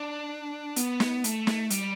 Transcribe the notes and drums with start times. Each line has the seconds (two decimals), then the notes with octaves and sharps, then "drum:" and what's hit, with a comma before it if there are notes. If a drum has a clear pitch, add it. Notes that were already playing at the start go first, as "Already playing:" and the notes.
Already playing: D4
0.76 B3, drum: hi-hat
1.00 drum: snare
1.24 A3, drum: hi-hat
1.47 drum: snare
1.70 G3, drum: hi-hat